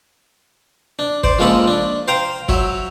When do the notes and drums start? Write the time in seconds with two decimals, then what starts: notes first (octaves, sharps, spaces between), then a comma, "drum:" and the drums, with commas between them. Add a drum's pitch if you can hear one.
0.99 D4
1.24 C5 D5, drum: kick G1
1.39 F3 G#3 A#3 C#4 A4 B5
1.67 D4
2.08 C5 F5 G5 A#5
2.49 F#3 C#5 E5, drum: kick G1